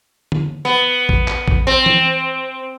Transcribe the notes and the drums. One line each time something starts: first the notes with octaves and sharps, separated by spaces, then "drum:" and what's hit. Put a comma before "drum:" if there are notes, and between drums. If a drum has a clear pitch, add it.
drum: tom D3
B3
drum: kick A1
drum: clap
drum: kick A1
C4
drum: tom E3